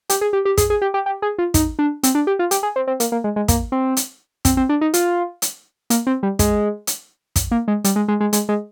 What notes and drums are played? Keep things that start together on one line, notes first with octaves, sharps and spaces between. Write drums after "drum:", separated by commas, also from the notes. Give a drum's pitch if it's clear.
G4, drum: hi-hat
G#4
G4
G4
G#4, drum: kick, hi-hat
G#4
G4
G4
G4
G#4
F4
D#4, drum: kick, hi-hat
D4
C4, drum: hi-hat
D4
G4
F4
G4, drum: hi-hat
G#4
C4
C4
A#3, drum: hi-hat
A#3
G#3
G#3
A#3, drum: kick, hi-hat
C4
drum: hi-hat
C4, drum: kick, hi-hat
C4
D4
D#4
F4, drum: hi-hat
drum: hi-hat
A#3, drum: hi-hat
C4
G3
G#3, drum: kick, hi-hat
drum: hi-hat
drum: kick, hi-hat
A#3
G#3
G3, drum: hi-hat
G#3
G#3
G#3
G#3, drum: hi-hat
G#3